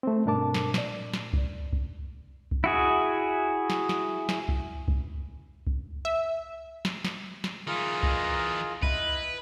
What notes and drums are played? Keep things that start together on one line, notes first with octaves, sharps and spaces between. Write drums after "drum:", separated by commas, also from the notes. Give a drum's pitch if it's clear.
A3 C4
G2 B2 D4 A#4 A5 D6
drum: snare
A#2 D5, drum: snare
drum: snare
drum: kick C2
drum: kick C2
drum: kick C2
E4 F#4 G#4
drum: snare
drum: snare
drum: snare
drum: kick C2
drum: kick C2
drum: kick C2
E5
drum: snare
drum: snare
drum: snare
E3 D#4 F4 G#4 A#4
drum: kick C2
E4 B4 D#5, drum: kick C2